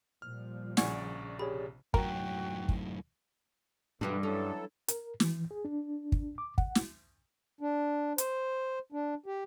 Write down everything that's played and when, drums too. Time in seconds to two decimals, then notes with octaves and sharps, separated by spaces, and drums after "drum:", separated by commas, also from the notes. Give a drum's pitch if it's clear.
0.22 A#2 F3 G3 F6
0.77 A#1 C#3 D5 F#5 G#5 C#6 G#6, drum: snare
1.39 C3 G4 G#4 C#5 B5
1.94 F#2 A2 F#4 A#4 G5, drum: kick
2.69 drum: kick
4.01 G2 B2 D3 E3 G3 D4
4.23 E3 F#3 C#4 A4
4.88 A#4, drum: hi-hat
5.20 E3, drum: snare
5.51 G#4
5.65 D4
6.12 drum: kick
6.38 D6
6.58 F#5, drum: kick
6.75 drum: snare
7.61 D4
8.18 C5, drum: hi-hat
8.92 D4
9.26 G4